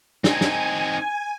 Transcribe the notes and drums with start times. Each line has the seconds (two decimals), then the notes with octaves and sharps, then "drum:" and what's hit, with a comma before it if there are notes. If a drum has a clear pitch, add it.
0.24 C4 D#4 G#5, drum: snare
0.41 drum: snare